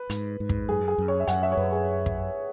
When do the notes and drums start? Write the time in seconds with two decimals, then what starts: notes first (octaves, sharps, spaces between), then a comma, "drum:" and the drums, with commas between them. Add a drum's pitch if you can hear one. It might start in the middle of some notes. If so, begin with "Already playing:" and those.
Already playing: B4
0.10 G#2, drum: hi-hat
0.40 G#2
0.49 drum: kick
0.68 F#2 G#4
0.88 G#4
0.98 F#2
1.08 C#5
1.20 E5
1.27 F#2 F#5, drum: hi-hat
1.43 E5
1.52 C#5
1.57 F#2 B4
1.72 G#4
2.06 drum: kick